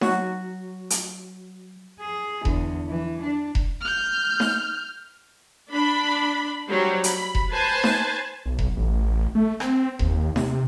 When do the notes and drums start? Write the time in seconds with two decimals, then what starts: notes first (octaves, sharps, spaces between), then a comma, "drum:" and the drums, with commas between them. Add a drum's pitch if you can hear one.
0.01 F#3 F#4, drum: snare D#4
0.90 drum: hi-hat
2.00 G#4
2.45 E2 D3, drum: kick E1
2.88 E3
3.23 D4
3.55 drum: kick E1
3.81 F6 G6
4.40 drum: snare D#4
5.71 D4 B5
6.68 F#3 G3 C5
7.04 B5, drum: hi-hat
7.35 drum: kick E1
7.50 B4 C5 G#5 A5
7.84 drum: snare D#4
8.46 B1
8.59 drum: kick E1
8.77 A1
9.35 A3
9.60 C4, drum: rim click
9.99 D#2, drum: kick E1
10.36 C3, drum: snare D#4